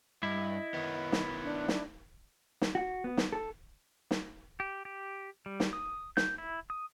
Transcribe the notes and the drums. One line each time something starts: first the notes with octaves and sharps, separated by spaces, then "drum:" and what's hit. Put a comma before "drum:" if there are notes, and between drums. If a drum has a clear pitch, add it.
G2 E4 D#5
D#3 B3
drum: snare
D4
drum: snare
drum: snare
F#4
B3
drum: snare
A4
drum: snare
G4
G4
G3
drum: snare
D#6
G6, drum: snare
E4
D#6